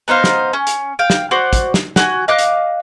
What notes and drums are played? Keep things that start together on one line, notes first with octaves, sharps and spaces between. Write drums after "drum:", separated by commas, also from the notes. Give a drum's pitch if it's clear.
B3 D#4 C5 F5
drum: snare
C#4
drum: hi-hat
F5 G5
drum: snare
F#4 C5 D5
drum: kick, hi-hat
drum: snare
F#4 G#5, drum: snare
D#5 F5 D6 F#6
drum: hi-hat